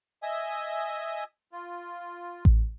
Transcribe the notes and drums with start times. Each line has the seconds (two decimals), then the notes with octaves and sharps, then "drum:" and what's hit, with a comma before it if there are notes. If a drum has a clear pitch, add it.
0.23 D#5 E5 G#5 D#6
1.52 F4
2.45 drum: kick A1